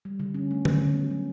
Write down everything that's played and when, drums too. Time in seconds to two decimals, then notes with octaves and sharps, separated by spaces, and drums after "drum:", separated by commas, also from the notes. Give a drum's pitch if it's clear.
0.05 G3
0.20 D3
0.34 C#4
0.51 A3
0.65 F#3, drum: tom D3
0.81 C#4
0.96 B3
1.11 F#3